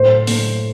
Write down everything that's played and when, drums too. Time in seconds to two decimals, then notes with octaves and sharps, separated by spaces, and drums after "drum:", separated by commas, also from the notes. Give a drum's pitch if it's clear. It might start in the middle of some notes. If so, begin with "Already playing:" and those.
Already playing: A2 C5
0.27 A3, drum: open hi-hat